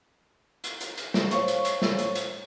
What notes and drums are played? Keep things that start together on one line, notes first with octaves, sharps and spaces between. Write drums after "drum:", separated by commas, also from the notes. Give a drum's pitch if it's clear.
drum: hi-hat
drum: hi-hat
drum: hi-hat
drum: snare
C5 C#5 F5 C#6, drum: hi-hat
drum: hi-hat
drum: hi-hat
drum: snare
drum: hi-hat
drum: hi-hat